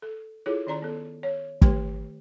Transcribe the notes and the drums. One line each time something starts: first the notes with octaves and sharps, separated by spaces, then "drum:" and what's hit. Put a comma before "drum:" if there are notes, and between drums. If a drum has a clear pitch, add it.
A4
E4 F4 G#4 A4 C#5
D#3 C#4 D5 A#5 C6
B3 A4
C#5
D#3 A3 G4 B4, drum: kick